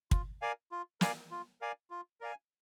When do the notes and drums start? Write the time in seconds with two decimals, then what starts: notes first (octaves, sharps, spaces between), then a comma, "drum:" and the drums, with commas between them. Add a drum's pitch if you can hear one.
0.11 F4, drum: kick
0.42 A#4 D5 F5 G#5
0.72 F4
1.01 A#4 D5 F5 G#5, drum: snare
1.31 F4
1.61 A#4 D5 F5 G#5
1.91 F4
2.21 A#4 D5 F5 G#5